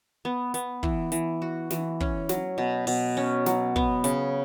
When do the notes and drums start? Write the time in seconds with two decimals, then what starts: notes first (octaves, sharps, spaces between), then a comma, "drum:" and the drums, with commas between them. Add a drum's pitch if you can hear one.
0.25 B3
0.54 B3, drum: hi-hat
0.83 E3, drum: kick
1.12 E3, drum: hi-hat
1.42 F#4
1.70 E3, drum: snare
2.00 C#4, drum: kick
2.29 F#3, drum: snare
2.58 B2
2.87 B2, drum: open hi-hat
3.17 C#4
3.46 F#3, drum: snare
3.76 B3, drum: kick
4.04 C#3, drum: hi-hat